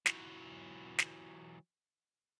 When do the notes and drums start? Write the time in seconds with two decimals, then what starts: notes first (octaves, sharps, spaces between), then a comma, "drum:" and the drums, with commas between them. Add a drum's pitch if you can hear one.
0.06 E3 F#3, drum: snare
0.98 drum: snare